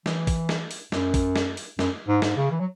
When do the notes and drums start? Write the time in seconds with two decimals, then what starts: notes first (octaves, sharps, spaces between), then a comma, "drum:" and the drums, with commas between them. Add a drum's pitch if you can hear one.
0.06 E3, drum: snare
0.27 drum: kick, open hi-hat
0.49 drum: snare
0.71 drum: open hi-hat
0.92 F#2, drum: snare
1.14 drum: kick, open hi-hat
1.36 drum: snare
1.57 drum: open hi-hat
1.79 F#2, drum: snare
2.08 G#2
2.22 G#2, drum: snare
2.36 C#3
2.51 E3
2.60 F#3